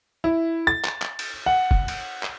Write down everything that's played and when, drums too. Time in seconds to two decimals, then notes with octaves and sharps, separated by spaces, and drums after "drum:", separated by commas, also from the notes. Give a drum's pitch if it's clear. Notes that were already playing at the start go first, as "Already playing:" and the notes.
0.24 E4
0.67 A6
0.84 drum: clap
1.02 drum: clap
1.19 drum: cymbal
1.46 F#5
1.71 drum: kick
1.88 drum: cymbal
2.23 drum: clap